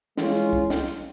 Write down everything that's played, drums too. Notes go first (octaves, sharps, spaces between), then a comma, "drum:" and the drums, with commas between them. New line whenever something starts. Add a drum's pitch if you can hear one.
E3 G#3 C#4 F4, drum: snare
drum: hi-hat
drum: kick C2
drum: snare
drum: hi-hat